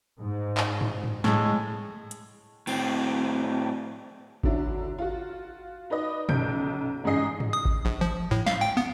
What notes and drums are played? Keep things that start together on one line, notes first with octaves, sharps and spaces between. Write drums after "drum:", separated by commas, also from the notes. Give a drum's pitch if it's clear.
G#2
drum: clap
drum: tom
drum: tom
A2 G#3, drum: snare
drum: hi-hat
A2 C4, drum: cymbal
D3 F#3 D4 E4, drum: kick G#1
F4 F#4
D#4 B4 D5 D#5
B1 F#2 G6 D7, drum: tom
A1 G#2 C#3 G#4 D#5 C7
drum: tom
D#6
drum: kick G#1
A#1
F3
A2
F5, drum: snare
G5
B3